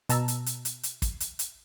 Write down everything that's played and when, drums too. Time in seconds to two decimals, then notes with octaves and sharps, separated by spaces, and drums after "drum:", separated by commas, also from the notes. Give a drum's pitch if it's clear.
0.09 B2 A5 A#5 E6, drum: hi-hat
0.28 drum: hi-hat
0.46 drum: hi-hat
0.65 drum: hi-hat
0.83 drum: hi-hat
1.02 drum: kick, hi-hat
1.20 drum: hi-hat
1.39 drum: hi-hat